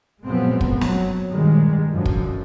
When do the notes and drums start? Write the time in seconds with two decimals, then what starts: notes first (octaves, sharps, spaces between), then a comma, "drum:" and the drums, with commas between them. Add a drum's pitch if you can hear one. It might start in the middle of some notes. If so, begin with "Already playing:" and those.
0.24 F#2 A#2 F3 G#3 B3 C4
0.61 drum: kick
0.81 F#3, drum: snare
1.30 G2 A#2 D#3 G3 G#3
1.92 F#2 D3 F3
2.05 drum: kick